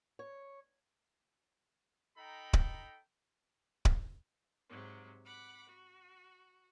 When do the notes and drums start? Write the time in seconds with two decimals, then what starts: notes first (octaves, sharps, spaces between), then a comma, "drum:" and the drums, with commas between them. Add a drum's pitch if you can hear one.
0.19 C#5
2.17 D#4 A4 G5 A#5 B5
2.53 drum: kick D1
3.85 drum: kick D1
4.70 G#2 C3 F#3
5.25 F#5 B5 D6
5.69 F#4